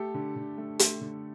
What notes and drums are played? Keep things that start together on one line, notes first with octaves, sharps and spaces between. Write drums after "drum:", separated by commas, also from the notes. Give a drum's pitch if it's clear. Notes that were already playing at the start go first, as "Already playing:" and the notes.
Already playing: A3 G4 A4
D3
D3
A3
A3, drum: hi-hat
D3